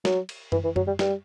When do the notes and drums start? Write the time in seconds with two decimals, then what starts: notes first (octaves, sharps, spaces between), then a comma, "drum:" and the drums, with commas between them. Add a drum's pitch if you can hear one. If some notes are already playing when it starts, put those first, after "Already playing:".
0.05 F#3, drum: snare
0.29 drum: cymbal
0.52 E3, drum: tom F#2
0.64 E3
0.76 F#3, drum: tom F#2
0.87 G3
0.99 G3, drum: snare